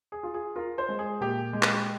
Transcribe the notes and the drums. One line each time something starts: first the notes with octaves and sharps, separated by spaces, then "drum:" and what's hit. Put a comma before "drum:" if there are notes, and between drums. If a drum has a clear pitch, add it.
G#4
F4
G#4
F4 A#4
C5
G#3
G#4
A#2 G4
G#3
drum: clap